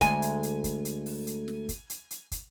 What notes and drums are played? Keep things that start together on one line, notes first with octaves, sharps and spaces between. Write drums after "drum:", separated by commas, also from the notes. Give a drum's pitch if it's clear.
D2 G#3 G#5, drum: kick, hi-hat
drum: hi-hat
drum: hi-hat
drum: kick, hi-hat
drum: hi-hat
drum: open hi-hat
drum: hi-hat
drum: snare
drum: kick, hi-hat
drum: hi-hat
drum: hi-hat
drum: kick, hi-hat